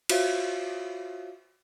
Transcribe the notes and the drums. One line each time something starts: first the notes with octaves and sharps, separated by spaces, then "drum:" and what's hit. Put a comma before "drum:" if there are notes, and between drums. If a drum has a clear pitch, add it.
F4 F#4 C5 C#5 E5 F5, drum: cymbal